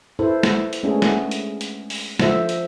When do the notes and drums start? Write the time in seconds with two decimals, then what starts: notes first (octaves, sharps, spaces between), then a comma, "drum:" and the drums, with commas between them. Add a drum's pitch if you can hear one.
0.19 E4 A4 B4 C5
0.43 drum: snare
0.73 drum: hi-hat
0.83 G#3 A3 B3 C#4 D4 G#4
1.02 drum: snare
1.31 drum: hi-hat
1.61 drum: hi-hat
1.90 drum: open hi-hat
2.19 D3 F3 C5 E5, drum: snare
2.49 drum: hi-hat